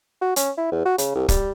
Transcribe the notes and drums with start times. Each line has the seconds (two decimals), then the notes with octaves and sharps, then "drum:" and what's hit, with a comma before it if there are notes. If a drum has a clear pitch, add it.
0.21 F#4
0.36 C#4, drum: hi-hat
0.57 E4
0.72 E2
0.85 F#4
0.98 C#3, drum: hi-hat
1.15 C2
1.29 G3, drum: kick, hi-hat